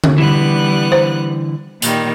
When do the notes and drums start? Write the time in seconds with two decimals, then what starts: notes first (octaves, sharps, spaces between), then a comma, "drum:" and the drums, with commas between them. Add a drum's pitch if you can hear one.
0.04 drum: tom D3
0.18 D3 E3 G3 B3 F#6
0.92 C5
1.82 A#2 D#3 G3, drum: hi-hat